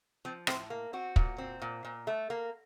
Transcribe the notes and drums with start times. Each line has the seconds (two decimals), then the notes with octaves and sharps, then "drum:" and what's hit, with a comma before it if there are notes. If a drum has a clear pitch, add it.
0.25 F3 C4
0.47 A2 C4, drum: rim click
0.70 A#3
0.93 C4 F#4
1.16 A#2, drum: kick
1.38 C4
1.62 A#2
1.85 A#2
2.07 A3
2.30 A#3